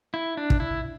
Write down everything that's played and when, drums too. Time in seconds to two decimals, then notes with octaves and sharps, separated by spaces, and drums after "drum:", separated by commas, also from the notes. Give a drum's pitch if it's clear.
0.14 E4
0.37 D4
0.50 drum: kick
0.60 E4